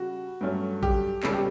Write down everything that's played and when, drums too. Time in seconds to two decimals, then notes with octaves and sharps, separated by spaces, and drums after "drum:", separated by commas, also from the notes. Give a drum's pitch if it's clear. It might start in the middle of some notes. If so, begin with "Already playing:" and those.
Already playing: C#3 G3 F#4
0.41 G2 F#3 A3 C#4
0.83 G4, drum: kick A1
1.23 C#2 B2 G3 C#4 A4, drum: clap
1.33 G4